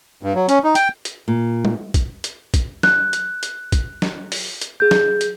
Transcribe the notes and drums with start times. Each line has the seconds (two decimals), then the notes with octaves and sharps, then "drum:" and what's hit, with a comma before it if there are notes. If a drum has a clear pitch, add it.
0.23 G2
0.35 F#3
0.49 C#4, drum: hi-hat
0.64 D#4
0.75 G5, drum: hi-hat
1.05 drum: hi-hat
1.28 A#2
1.65 drum: tom
1.94 drum: kick, hi-hat
2.24 drum: hi-hat
2.54 drum: kick, hi-hat
2.83 F#6, drum: snare
3.13 drum: hi-hat
3.43 drum: hi-hat
3.72 drum: kick, hi-hat
4.02 drum: snare
4.32 drum: open hi-hat
4.61 drum: hi-hat
4.80 G#4 G6
4.91 drum: snare
5.21 drum: hi-hat